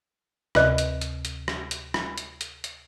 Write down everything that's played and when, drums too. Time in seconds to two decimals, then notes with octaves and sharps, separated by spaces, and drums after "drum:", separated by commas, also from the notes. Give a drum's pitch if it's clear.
0.55 D2 C3 B4 D5 D#5 F#6, drum: rim click
0.78 drum: hi-hat
1.01 drum: hi-hat
1.25 drum: hi-hat
1.48 drum: rim click
1.71 drum: hi-hat
1.94 drum: rim click
2.18 drum: hi-hat
2.41 drum: hi-hat
2.64 drum: hi-hat